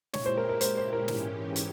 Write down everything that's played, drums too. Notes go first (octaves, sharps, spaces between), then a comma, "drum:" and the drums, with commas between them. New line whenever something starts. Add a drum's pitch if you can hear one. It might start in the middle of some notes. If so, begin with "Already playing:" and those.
A#2 G#3 E4 G4 C#5, drum: snare
C5
A#4
A#4
C5, drum: hi-hat
C5
A#4
G#2 E3 G#3 C#4 G4, drum: snare
drum: hi-hat